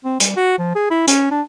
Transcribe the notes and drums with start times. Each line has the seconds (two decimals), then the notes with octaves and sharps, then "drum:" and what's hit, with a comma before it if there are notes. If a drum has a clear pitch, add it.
0.05 C4
0.20 G3, drum: hi-hat
0.37 F#4
0.58 F3
0.75 G#4
0.91 E4
1.08 C#4, drum: hi-hat
1.31 D4